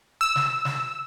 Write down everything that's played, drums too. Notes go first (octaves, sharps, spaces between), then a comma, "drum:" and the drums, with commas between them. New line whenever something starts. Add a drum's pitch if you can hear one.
E6
drum: snare
drum: snare